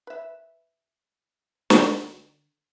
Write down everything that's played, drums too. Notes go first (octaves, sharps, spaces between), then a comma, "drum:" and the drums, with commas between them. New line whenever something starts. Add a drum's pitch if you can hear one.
B4 E5
D3, drum: snare